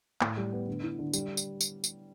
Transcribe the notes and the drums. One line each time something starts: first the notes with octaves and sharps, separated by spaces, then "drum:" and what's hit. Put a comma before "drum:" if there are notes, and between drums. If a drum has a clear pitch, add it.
A2, drum: clap
G3
B3
D3
E4
D3
G3, drum: tambourine
drum: tambourine
drum: tambourine
drum: tambourine